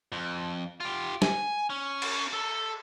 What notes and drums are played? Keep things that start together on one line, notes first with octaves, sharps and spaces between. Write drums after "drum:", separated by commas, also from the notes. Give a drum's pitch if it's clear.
F2
F4 G4
G#5, drum: snare
C#4
drum: cymbal
A4